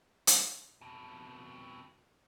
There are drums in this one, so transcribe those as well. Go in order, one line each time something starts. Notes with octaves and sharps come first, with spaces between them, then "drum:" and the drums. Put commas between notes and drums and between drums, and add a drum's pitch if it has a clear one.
drum: hi-hat
F2 B2